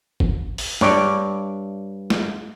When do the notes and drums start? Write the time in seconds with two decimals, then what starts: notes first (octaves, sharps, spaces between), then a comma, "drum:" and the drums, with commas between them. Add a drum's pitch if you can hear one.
0.20 drum: kick G1
0.58 drum: open hi-hat
0.81 G2 C#5 D5, drum: snare
2.10 drum: snare